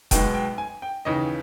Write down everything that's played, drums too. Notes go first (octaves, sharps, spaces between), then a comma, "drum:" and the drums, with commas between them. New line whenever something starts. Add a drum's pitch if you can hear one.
B1 B2 G#3 G5, drum: kick E1, hi-hat
G5
G#5
G5
D#2 C#3 E3 D#5